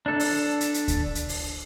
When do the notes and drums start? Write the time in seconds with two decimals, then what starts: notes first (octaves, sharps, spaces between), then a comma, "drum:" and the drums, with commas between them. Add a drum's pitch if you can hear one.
0.06 D4 A4
0.20 drum: open hi-hat
0.61 drum: hi-hat
0.74 drum: hi-hat
0.88 drum: kick D2, hi-hat
1.15 drum: hi-hat
1.29 drum: open hi-hat